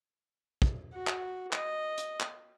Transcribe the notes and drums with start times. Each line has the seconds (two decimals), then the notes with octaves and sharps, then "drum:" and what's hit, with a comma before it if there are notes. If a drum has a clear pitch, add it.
0.62 drum: kick
0.93 F#4
1.07 drum: clap
1.52 D#5, drum: clap
1.98 drum: hi-hat
2.20 drum: clap